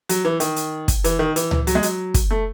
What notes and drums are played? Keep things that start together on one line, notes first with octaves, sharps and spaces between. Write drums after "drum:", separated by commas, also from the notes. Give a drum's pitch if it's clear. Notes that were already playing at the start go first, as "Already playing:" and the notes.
F#3, drum: hi-hat
E3
D#3, drum: hi-hat
drum: hi-hat
drum: kick, hi-hat
E3, drum: hi-hat
D#3
E3, drum: hi-hat
drum: tom C#2
F#3, drum: hi-hat
G#3
F#3, drum: hi-hat
drum: kick, hi-hat
A3